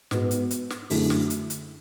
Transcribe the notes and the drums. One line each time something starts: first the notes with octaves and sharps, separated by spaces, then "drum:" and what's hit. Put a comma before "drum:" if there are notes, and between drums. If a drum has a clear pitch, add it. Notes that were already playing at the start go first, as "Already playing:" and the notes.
G#2 G#3 B3 F#4, drum: snare
drum: hi-hat
drum: hi-hat
drum: snare
F#2 D3 A3 E4 G#4, drum: open hi-hat
drum: snare
drum: hi-hat
drum: hi-hat